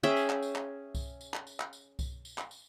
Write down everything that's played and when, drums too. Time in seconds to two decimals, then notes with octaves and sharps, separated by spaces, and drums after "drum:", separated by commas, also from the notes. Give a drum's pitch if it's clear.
0.03 C#4 G#4 E5 G5
0.16 drum: tambourine
0.29 drum: clap
0.42 drum: tambourine
0.56 drum: clap
0.95 drum: kick C2, tambourine
1.21 drum: tambourine
1.34 drum: clap
1.47 drum: tambourine
1.60 drum: clap
1.73 drum: tambourine
1.99 drum: kick C2, tambourine
2.25 drum: tambourine
2.38 drum: clap
2.51 drum: tambourine